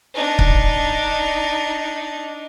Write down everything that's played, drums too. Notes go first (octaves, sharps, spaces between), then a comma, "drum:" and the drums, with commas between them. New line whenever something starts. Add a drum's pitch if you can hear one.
D4 D#4
drum: kick C#1